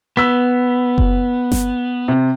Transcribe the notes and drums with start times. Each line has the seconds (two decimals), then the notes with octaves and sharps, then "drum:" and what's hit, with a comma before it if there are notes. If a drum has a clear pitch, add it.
0.17 B3 E6 B6
0.98 drum: kick F#1
1.52 drum: snare G1
2.08 C3